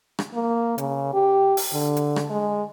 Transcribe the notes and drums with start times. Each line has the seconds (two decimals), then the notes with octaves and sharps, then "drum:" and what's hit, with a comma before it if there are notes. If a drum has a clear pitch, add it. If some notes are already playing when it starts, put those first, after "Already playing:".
0.19 drum: rim click
0.34 A#3
0.78 C#3, drum: hi-hat
1.14 G4
1.57 drum: open hi-hat
1.73 D3
1.97 drum: hi-hat
2.16 drum: rim click
2.30 G#3